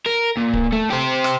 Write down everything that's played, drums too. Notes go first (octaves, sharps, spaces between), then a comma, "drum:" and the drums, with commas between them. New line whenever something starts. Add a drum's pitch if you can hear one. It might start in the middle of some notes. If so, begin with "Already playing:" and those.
A#4
A#2
drum: kick D1
A3
G4 C5
drum: rim click